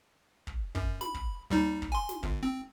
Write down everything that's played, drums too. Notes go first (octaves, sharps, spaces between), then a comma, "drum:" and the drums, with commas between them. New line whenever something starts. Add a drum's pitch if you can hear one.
drum: kick
F#2, drum: kick
B5, drum: snare
drum: kick
D#2 G3 D#4
drum: kick
G#5 C6
drum: snare
G1, drum: kick
C4